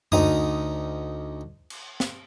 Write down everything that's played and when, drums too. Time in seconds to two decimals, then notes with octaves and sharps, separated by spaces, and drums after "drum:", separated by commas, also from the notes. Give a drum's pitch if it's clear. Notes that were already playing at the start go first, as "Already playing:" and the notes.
0.12 D2 D#4 D#6, drum: tom F#2
1.70 drum: cymbal
2.00 drum: snare